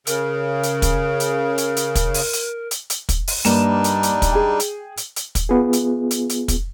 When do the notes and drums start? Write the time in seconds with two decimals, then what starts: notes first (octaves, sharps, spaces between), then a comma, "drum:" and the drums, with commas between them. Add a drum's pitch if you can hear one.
0.07 C#3 A#4, drum: hi-hat
0.63 drum: hi-hat
0.82 drum: kick, hi-hat
1.20 drum: hi-hat
1.58 drum: hi-hat
1.77 drum: hi-hat
1.95 drum: kick, hi-hat
2.14 drum: open hi-hat
2.33 drum: hi-hat
2.71 drum: hi-hat
2.90 drum: hi-hat
3.09 drum: kick, hi-hat
3.27 drum: open hi-hat
3.45 G2 G3 A#3 D4 D#4 E7, drum: hi-hat
3.84 drum: hi-hat
4.03 drum: hi-hat
4.22 drum: kick, hi-hat
4.32 G#4 G5
4.60 drum: hi-hat
4.97 drum: hi-hat
5.16 drum: hi-hat
5.35 drum: kick, hi-hat
5.49 B3 F4 G#4
5.73 drum: hi-hat
6.11 drum: hi-hat
6.29 drum: hi-hat
6.48 drum: kick, hi-hat